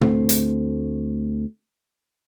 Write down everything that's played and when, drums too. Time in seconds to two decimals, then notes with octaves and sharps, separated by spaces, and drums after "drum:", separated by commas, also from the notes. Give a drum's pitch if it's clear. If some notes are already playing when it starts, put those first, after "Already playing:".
0.01 D2 A3 C4, drum: tom
0.29 drum: hi-hat